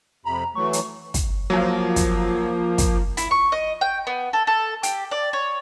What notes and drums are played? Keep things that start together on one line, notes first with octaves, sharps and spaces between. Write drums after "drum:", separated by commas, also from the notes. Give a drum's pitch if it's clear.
F2 C3 A#5 B5
E3 F#3 A3 C#6
drum: hi-hat
drum: kick, hi-hat
F3 F#3 A#3
drum: kick, hi-hat
drum: kick, hi-hat
E4, drum: hi-hat
C#6
D#5
G5
B3
A4
A4
G4, drum: hi-hat
D5
C#5